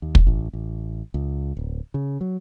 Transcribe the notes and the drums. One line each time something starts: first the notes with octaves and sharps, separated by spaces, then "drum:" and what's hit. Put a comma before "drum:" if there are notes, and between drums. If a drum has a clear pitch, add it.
D#2
drum: kick
A1
A1
C#2
D1
C#3
F#3